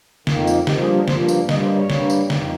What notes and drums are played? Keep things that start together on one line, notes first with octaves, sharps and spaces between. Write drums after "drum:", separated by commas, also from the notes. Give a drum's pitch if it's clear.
F2 D#3 A#3, drum: snare
drum: tambourine
G2 F3 A#3 G4, drum: snare
G#4
A#4
G2 F3 A#3 C5, drum: snare
drum: tambourine
G2 G3 A#3 D#5, drum: snare
C5
C#5
G2 G3 A#3, drum: snare
drum: tambourine
F2 D#3 A#3, drum: snare